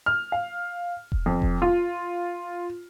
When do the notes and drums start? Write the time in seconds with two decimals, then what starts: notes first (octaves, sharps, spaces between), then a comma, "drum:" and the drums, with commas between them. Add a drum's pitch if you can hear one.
0.06 F6
0.32 F5
1.12 drum: kick E1
1.26 F2
1.42 drum: kick E1
1.62 F4